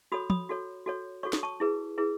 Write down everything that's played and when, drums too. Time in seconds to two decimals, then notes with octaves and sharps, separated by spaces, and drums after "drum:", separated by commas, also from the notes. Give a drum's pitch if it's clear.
0.12 F#4 A4 C#5 B5 D#6
0.30 B5 D#6, drum: tom
0.49 F#4 A4 C#5
0.86 F#4 A4 C#5
1.23 F#4 A4 C#5 C#6
1.33 D#6, drum: snare
1.43 A5 C#6
1.60 E4 G#4 B4
1.98 E4 G#4 B4